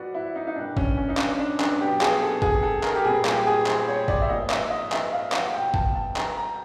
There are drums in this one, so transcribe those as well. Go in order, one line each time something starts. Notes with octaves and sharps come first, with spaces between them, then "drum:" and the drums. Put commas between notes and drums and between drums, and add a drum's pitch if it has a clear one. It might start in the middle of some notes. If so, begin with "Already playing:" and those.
Already playing: G#2 F3 A3 F#4 B4 D5
E4
D#4
D#4
A#2 G3 A#3 D4
C#4, drum: kick G1
C#4
D#4
D4, drum: clap
D4
D4, drum: clap
B2 F#3 B3 G4
G#4, drum: clap
A4
G#4, drum: kick G1
A4
A#4, drum: clap
G4
A#2 G3 C4 G#4
G4, drum: clap
G#4
C5, drum: clap
C#5
D5, drum: kick G1
E5
G#2 F3 A#3 D#5
E5, drum: clap
D#5
E5, drum: clap
F5
F#5, drum: clap
C2 B2 G3 G5
A5, drum: kick G1
A5
A#5, drum: clap
A#5